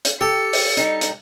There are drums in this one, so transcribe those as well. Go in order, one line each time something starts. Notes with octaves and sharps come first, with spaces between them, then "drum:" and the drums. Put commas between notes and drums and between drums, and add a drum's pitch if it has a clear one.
drum: hi-hat
G4 A4 C#7
drum: open hi-hat
G3 D#4, drum: hi-hat
drum: hi-hat